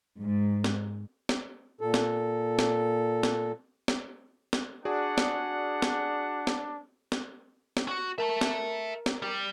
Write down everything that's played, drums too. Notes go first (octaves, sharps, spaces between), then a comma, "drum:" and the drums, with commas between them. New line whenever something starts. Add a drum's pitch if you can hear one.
G#2
drum: snare
drum: snare
A#2 A4
drum: snare
drum: snare
drum: snare
drum: snare
drum: snare
D4 F#4 G#4 D5 F#5
drum: snare
drum: snare
drum: snare
drum: snare
drum: snare
F#4
A#4 E5 A5
drum: snare
drum: snare
G3 G4